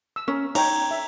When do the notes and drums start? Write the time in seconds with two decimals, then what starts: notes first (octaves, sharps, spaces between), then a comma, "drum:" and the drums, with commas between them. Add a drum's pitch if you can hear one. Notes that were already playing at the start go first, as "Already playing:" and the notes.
0.16 E6
0.28 C#4 A#4
0.55 D#4 C#5 G5 A#5, drum: cymbal
0.91 E5